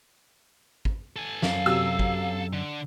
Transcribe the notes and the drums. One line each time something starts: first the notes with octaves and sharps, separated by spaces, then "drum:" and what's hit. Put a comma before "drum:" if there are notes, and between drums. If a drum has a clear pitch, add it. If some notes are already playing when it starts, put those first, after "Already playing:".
drum: kick
A4 G#5
F#2 F5, drum: snare
C3 F#3 E6
drum: kick
D3